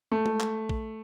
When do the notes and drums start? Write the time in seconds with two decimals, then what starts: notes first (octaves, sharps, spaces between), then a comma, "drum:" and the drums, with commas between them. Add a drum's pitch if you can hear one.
0.12 A3
0.26 drum: tom G#3
0.40 drum: clap
0.69 drum: kick